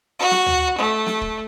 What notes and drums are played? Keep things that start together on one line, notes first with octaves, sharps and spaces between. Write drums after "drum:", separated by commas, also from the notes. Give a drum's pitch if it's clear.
F#4
drum: snare
drum: tom
A3
drum: snare
drum: kick